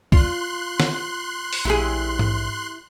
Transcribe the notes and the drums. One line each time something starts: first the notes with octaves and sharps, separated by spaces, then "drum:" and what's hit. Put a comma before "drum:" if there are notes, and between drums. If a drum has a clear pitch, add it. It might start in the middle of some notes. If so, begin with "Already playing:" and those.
F4 C6 F#6, drum: kick
drum: snare
drum: open hi-hat
A#1 E4 G4 G#4
drum: tom G#2